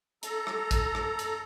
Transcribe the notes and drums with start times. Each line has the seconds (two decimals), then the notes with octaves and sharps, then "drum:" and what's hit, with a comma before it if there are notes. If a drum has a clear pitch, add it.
0.23 A4 A#5, drum: hi-hat
0.47 drum: rim click
0.71 drum: kick, hi-hat
0.95 drum: rim click
1.19 drum: hi-hat